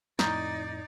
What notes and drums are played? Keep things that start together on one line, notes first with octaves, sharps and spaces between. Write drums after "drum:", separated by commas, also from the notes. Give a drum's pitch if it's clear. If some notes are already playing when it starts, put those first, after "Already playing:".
F2 A2 D#4 D5 A#5 D#6 G6, drum: snare